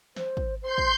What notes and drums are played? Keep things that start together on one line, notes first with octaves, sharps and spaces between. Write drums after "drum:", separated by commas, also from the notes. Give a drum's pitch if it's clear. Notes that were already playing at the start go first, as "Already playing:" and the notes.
C5, drum: snare
drum: kick
C5 C6 G6
drum: kick